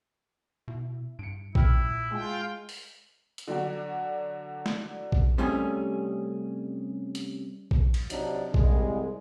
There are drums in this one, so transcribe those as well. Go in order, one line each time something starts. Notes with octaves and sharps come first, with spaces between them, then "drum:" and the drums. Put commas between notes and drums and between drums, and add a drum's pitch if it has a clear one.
B2 E4
G2 C#7 D7
A#2 E4 G5 F6, drum: kick A#1
G#3 F4 G5 G#5
drum: open hi-hat
drum: hi-hat
D3 F#3 D4 F#4
drum: snare
drum: kick A#1
C3 G3 A3 C#4 G#4
drum: hi-hat
drum: kick A#1
drum: cymbal
C3 F#3 D4 D#4, drum: hi-hat
C2 G#3, drum: kick A#1